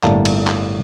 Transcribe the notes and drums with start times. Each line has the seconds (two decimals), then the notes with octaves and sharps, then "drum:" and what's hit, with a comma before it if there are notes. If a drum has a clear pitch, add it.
0.03 G1 A2 G3 A#3 A5, drum: clap
0.25 drum: cymbal
0.47 drum: clap